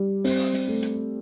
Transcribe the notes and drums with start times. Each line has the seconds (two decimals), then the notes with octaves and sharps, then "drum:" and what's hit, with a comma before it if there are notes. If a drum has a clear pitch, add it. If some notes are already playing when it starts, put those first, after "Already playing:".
Already playing: G3
0.24 C4, drum: open hi-hat
0.53 drum: snare
0.68 A3
0.83 drum: hi-hat